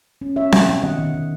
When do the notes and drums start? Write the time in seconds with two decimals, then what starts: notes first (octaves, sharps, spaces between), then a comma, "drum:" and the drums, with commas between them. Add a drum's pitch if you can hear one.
0.21 C#4
0.36 C#4 C#5 E5
0.52 B2, drum: snare C4
0.68 B2
0.83 D#3 D#5 F#5
0.99 D#3
1.14 D#3